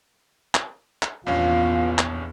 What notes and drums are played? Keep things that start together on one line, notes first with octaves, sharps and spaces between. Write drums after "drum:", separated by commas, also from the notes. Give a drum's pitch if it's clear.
drum: clap
drum: clap
A#1 E2 G2 C#4 F4 F5
drum: clap